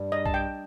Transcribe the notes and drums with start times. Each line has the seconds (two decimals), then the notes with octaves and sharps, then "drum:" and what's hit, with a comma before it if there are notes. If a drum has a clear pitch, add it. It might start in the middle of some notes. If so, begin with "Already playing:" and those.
Already playing: G2
0.12 D#5
0.26 A5, drum: kick B1
0.34 G5